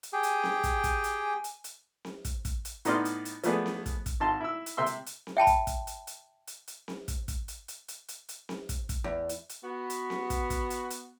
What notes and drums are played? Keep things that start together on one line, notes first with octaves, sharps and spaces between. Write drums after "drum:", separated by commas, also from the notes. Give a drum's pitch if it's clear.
drum: hi-hat
G4 G#4 G5 G#5
drum: hi-hat
drum: snare C4
drum: kick, hi-hat
drum: kick, hi-hat
drum: hi-hat
drum: hi-hat
drum: hi-hat
drum: snare C4
drum: kick, hi-hat
drum: kick, hi-hat
drum: hi-hat
A2 B3 D#4 D5 C6 F6, drum: hi-hat
drum: hi-hat
drum: hi-hat
F3 A3 B3 D4 G#4, drum: hi-hat
drum: snare C4
drum: kick, hi-hat
drum: kick, hi-hat
G#1 A5 C6
E4 E6
drum: hi-hat
C3 E5 C6 E6
drum: hi-hat
drum: hi-hat
drum: snare C4
E5 G5 A5 B5
drum: kick, hi-hat
drum: kick, hi-hat
drum: hi-hat
drum: hi-hat
drum: hi-hat
drum: hi-hat
drum: snare C4
drum: kick, hi-hat
drum: kick, hi-hat
drum: hi-hat
drum: hi-hat
drum: hi-hat
drum: hi-hat
drum: hi-hat
drum: snare C4
drum: kick, hi-hat
drum: kick, hi-hat
E2
drum: hi-hat
drum: hi-hat
B3 F#4
drum: hi-hat
drum: snare C4
drum: kick, hi-hat
drum: kick, hi-hat
drum: hi-hat
drum: hi-hat